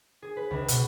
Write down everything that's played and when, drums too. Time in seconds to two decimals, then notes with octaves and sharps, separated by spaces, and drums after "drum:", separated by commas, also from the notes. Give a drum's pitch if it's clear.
0.22 G#4
0.37 B4
0.51 C#2
0.68 B2, drum: hi-hat